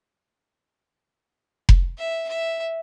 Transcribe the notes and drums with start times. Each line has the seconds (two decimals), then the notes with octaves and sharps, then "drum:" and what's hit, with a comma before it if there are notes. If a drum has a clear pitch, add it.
1.69 drum: kick F1
1.99 E5
2.29 E5